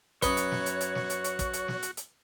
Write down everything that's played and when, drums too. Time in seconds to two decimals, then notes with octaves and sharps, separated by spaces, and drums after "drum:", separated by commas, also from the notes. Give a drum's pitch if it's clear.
0.22 F#2 F#4 B4 C#5 D#6 G7, drum: kick, hi-hat
0.37 drum: hi-hat
0.52 drum: snare
0.66 drum: hi-hat
0.81 drum: hi-hat
0.95 drum: snare
1.10 drum: hi-hat
1.24 drum: hi-hat
1.39 drum: kick, hi-hat
1.54 drum: hi-hat
1.68 drum: snare
1.83 drum: hi-hat
1.97 drum: hi-hat